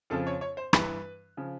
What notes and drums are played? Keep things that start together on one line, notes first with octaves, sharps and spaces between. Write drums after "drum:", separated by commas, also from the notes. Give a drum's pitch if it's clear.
F2 C#3 F3 A4
C#5
C#5
C5
G2 E3 B4, drum: rim click
C#3 F3